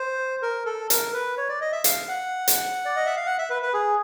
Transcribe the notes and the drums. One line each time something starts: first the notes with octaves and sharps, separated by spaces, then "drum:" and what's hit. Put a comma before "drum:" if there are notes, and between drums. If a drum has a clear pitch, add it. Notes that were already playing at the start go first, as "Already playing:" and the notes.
Already playing: C5
A#4
A4
A#4, drum: hi-hat
B4
C#5
D5
D#5
E5
F5, drum: hi-hat
F#5
drum: hi-hat
D5
D#5
E5
F5
F#5
E5
B4
B4
G#4